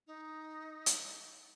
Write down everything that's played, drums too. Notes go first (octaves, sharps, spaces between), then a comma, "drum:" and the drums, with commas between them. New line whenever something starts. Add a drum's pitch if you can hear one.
D#4
drum: hi-hat